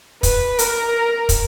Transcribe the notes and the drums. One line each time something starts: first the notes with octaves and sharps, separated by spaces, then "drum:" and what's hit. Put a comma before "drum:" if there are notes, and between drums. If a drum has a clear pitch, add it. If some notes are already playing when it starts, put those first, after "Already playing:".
B4, drum: kick, hi-hat
A#4, drum: hi-hat
drum: kick, hi-hat